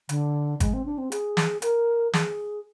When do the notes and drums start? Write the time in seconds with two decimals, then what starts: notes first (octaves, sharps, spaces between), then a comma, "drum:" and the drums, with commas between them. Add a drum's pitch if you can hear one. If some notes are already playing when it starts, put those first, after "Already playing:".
0.09 D3, drum: hi-hat
0.60 G#3, drum: kick G#1, hi-hat
0.74 C4
0.86 D4
0.98 C4
1.12 G#4, drum: hi-hat
1.37 drum: snare
1.62 A#4, drum: hi-hat
2.13 G#4, drum: snare